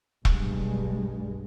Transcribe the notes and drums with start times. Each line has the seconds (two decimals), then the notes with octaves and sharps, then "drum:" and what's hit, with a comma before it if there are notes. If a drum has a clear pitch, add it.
0.25 B1 G2 G3 G#3, drum: kick E1